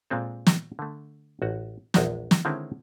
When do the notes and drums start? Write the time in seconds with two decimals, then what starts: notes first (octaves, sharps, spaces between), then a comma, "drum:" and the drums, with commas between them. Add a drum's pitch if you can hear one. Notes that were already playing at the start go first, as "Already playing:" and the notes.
0.10 A#2 G#3 C4 A4
0.47 drum: snare
0.79 D3 A3
1.42 A1 F#4
1.94 A#1 E2 G#3 D4 D#4 G#4, drum: snare
2.31 drum: snare
2.45 D3 D#3 G#3 C4 C#4 E4